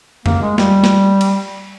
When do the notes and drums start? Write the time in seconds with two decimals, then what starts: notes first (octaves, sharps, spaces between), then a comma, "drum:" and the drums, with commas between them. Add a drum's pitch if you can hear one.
0.26 A#3, drum: tom F2
0.42 G#3
0.58 G3, drum: snare
0.84 drum: snare
1.21 drum: cymbal